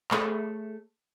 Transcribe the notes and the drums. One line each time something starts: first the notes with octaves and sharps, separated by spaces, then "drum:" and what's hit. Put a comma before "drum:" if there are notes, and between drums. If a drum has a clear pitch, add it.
A3 G#4 C#5, drum: clap